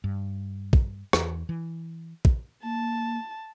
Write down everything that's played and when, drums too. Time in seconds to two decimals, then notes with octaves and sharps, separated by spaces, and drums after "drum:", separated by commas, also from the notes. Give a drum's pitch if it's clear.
0.04 G2
0.73 drum: kick
1.13 E2, drum: rim click
1.49 E3
2.25 drum: kick
2.63 A#3 A5